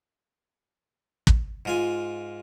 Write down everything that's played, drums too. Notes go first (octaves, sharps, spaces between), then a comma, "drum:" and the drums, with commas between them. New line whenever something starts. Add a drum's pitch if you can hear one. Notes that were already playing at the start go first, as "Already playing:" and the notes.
drum: kick
G#2 F4 G#5